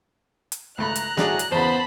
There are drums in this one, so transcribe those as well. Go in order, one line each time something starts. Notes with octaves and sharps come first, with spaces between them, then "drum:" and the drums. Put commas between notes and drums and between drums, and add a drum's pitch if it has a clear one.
drum: hi-hat
C#2 A3 A#5 B5 F#6
drum: hi-hat
A2 G3 D4 F#4 G#4 D5, drum: snare
drum: hi-hat
E2 C#3 E3 B3 C5 A5 B5